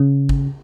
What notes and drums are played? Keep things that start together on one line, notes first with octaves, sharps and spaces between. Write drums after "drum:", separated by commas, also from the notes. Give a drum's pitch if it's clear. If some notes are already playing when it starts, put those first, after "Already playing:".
Already playing: C#3
drum: kick